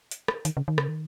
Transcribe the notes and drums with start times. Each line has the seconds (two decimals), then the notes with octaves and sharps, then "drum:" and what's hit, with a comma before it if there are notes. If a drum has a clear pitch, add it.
0.11 drum: hi-hat
0.28 drum: rim click
0.45 D#3, drum: hi-hat
0.57 C#3
0.68 D#3
0.78 C#3, drum: rim click
0.88 D#3